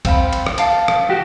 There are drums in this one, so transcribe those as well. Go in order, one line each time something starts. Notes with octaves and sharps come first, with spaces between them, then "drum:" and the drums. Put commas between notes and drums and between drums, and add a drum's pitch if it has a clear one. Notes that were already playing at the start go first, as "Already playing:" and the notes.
C4 F5 B5, drum: kick C2, cymbal
drum: cymbal
drum: rim click
F5 A5 D6, drum: cymbal
drum: rim click
F#4 G4